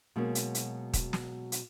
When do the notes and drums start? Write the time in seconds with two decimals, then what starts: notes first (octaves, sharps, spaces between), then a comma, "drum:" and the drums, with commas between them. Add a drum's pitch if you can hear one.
0.16 B2 F#3 G#3 A#3 C#4
0.35 drum: hi-hat
0.55 drum: hi-hat
0.94 drum: kick D#1, hi-hat
1.13 drum: snare
1.52 drum: hi-hat